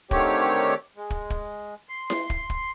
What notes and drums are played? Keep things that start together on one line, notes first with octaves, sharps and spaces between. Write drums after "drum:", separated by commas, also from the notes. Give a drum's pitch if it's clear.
D3 D#3 A3 C4 G4 C#5, drum: kick
G#3
drum: kick
drum: kick
C6
drum: snare E4
drum: kick
drum: kick